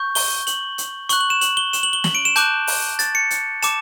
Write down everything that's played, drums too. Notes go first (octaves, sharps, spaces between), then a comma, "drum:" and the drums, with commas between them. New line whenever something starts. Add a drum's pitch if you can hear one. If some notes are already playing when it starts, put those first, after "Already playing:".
Already playing: C#6 G6
G7, drum: open hi-hat
F#7, drum: hi-hat
drum: hi-hat
C#6 F#6 F#7, drum: hi-hat
F#7
E7
F#7, drum: hi-hat
G7
E7, drum: hi-hat
F#7
G7
F#7, drum: snare
D7
E7
A5 D6 F#6 G6, drum: hi-hat
drum: open hi-hat
A6, drum: hi-hat
C#7
drum: hi-hat
A5 D6 E7, drum: hi-hat